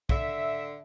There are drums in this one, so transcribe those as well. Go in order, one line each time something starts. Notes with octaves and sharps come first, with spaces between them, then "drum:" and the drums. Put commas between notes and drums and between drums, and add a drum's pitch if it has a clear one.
D3 E5, drum: kick